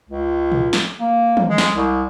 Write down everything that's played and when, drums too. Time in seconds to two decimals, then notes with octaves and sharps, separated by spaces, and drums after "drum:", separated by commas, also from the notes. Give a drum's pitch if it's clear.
0.09 C#2
0.52 drum: tom
0.73 drum: snare
1.00 A#3
1.37 drum: tom
1.49 G#3
1.58 drum: snare
1.76 C2